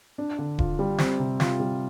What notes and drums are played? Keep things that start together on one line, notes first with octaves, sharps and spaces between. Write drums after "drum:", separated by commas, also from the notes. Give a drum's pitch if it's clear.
D4
D3
F4, drum: kick D#1
G3
C4, drum: snare
C3
F4, drum: snare
G3